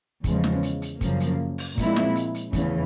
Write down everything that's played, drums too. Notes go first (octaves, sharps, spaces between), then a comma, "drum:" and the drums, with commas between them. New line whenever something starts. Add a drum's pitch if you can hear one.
E2 C#3 F3 G#3, drum: kick, hi-hat
drum: snare
drum: hi-hat
drum: hi-hat
F#2 C#3 F3 A#3, drum: kick, hi-hat
drum: hi-hat
drum: open hi-hat
A#2 F3 G#3 C4 E4, drum: kick, hi-hat
drum: snare
drum: hi-hat
drum: hi-hat
E2 C#3 E3 A3, drum: kick, hi-hat